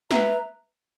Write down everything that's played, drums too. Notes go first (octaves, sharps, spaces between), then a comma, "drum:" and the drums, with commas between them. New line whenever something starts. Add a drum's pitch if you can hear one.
B4 E5 A#5, drum: snare